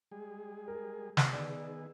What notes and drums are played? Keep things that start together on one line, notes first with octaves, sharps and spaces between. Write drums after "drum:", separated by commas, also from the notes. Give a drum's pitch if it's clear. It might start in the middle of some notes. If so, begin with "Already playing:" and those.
G3 G#3 G#4
A#4
E6, drum: snare
D#3 B3 G#4 D5